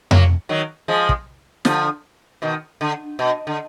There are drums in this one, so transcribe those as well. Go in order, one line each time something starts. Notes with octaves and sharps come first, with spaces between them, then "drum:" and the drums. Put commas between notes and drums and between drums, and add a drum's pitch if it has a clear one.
F#3 A#3, drum: tom F2
D#3 F#3
F3 G#3
drum: kick
D3 F3, drum: snare
B2 D#3
D3
B2
D3